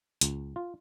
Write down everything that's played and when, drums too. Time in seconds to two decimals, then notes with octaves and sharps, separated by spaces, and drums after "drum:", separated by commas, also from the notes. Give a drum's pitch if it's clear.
0.21 C#2, drum: hi-hat
0.56 F4